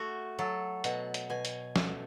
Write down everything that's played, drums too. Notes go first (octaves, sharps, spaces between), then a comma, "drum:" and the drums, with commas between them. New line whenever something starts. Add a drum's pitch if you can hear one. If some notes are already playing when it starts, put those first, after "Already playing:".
Already playing: A3 F#4
F#3 A4
B2 F#5, drum: hi-hat
drum: hi-hat
B2 G#5
drum: hi-hat
A3, drum: snare